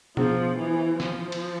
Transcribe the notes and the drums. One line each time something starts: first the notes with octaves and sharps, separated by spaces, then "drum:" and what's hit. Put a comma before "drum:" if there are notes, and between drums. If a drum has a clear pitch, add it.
F3 B3 D4 G#4 C5, drum: tom B2
E3
F3, drum: snare
drum: cymbal